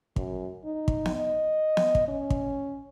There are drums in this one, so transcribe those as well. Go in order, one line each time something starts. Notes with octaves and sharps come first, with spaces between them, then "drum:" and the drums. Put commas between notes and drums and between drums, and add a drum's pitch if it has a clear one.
F#2, drum: kick
D#4
drum: kick
drum: snare B3
D#5
drum: snare B3
drum: kick
C#4
drum: kick